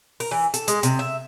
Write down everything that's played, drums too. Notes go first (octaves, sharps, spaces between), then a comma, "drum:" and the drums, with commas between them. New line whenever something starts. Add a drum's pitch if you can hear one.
A#4, drum: open hi-hat
E3
A4, drum: hi-hat
G#3, drum: hi-hat
C3, drum: hi-hat
E5